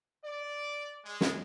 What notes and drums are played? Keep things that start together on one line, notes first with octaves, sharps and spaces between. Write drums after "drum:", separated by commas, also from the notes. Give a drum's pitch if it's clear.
D5
G#3
drum: snare